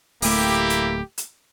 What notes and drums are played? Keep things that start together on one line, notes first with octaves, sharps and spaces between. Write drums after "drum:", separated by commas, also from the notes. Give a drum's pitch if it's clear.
D1 A3 A#3 E4 G4, drum: open hi-hat
drum: hi-hat
drum: hi-hat